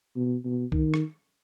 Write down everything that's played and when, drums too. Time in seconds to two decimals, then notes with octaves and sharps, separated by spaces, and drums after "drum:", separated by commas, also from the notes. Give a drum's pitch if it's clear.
0.16 B2
0.45 B2
0.72 D#3, drum: kick
0.94 drum: rim click